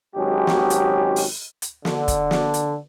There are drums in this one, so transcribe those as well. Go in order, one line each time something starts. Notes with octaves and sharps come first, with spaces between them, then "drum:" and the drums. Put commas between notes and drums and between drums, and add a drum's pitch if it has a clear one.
G#1 F#3 G#3 C#4 G4
drum: snare
drum: hi-hat
drum: open hi-hat
drum: hi-hat
D3, drum: snare
drum: kick, hi-hat
drum: snare
drum: hi-hat